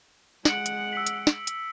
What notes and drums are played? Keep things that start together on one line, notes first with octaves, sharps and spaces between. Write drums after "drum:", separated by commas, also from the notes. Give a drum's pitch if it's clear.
G#3 F#5 C#7 D7 F#7, drum: snare
drum: hi-hat
E6 B6
drum: hi-hat
drum: snare
drum: hi-hat